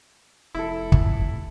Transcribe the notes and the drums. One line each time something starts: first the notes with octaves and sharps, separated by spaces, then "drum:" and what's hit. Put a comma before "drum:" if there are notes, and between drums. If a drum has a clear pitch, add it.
F1 E4 A4
drum: kick
F1